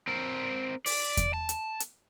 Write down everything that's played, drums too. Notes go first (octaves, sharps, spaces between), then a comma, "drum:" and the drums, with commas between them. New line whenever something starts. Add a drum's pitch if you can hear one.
C4 A#4
D5, drum: open hi-hat
drum: kick E2, hi-hat
A5
drum: hi-hat
drum: hi-hat